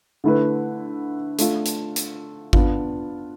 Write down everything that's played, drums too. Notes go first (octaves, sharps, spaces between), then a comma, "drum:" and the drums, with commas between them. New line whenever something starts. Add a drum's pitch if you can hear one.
D3 A3 E4 B4
A3 D4 F4, drum: hi-hat
drum: hi-hat
drum: hi-hat
B3 D4 F4, drum: kick G#1